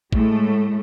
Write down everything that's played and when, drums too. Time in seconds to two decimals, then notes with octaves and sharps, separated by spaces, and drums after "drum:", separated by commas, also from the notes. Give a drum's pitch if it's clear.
0.13 A2 G#3 A3, drum: kick G#1